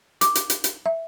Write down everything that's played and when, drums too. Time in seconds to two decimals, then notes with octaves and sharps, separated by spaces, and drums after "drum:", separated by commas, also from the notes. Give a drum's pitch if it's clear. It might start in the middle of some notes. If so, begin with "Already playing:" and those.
0.21 D6, drum: hi-hat
0.35 drum: hi-hat
0.50 drum: hi-hat
0.64 drum: hi-hat
0.86 E5